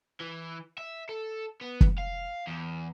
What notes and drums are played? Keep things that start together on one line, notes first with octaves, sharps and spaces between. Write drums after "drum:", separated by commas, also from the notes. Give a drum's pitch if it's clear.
E3
E5
A4
B3
drum: kick
F5
E2